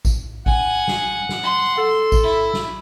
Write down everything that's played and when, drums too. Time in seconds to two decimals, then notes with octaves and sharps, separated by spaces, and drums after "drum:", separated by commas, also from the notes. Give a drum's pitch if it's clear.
0.05 drum: kick G#1, tambourine
0.46 F#5 G#5, drum: kick G#1
0.88 drum: snare
1.29 drum: snare
1.43 C6
1.78 A4
2.12 drum: kick G#1, tambourine
2.23 E4
2.54 drum: snare